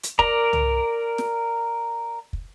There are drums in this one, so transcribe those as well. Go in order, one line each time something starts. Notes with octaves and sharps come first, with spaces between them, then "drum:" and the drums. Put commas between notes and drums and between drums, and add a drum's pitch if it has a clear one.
drum: hi-hat
A#4 D5 A#5, drum: kick
drum: tom
drum: snare
drum: kick